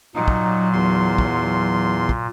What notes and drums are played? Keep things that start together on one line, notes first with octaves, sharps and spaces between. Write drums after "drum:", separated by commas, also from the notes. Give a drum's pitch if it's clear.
A#2 F#3 D#4
drum: kick
E2 C6
drum: kick
drum: kick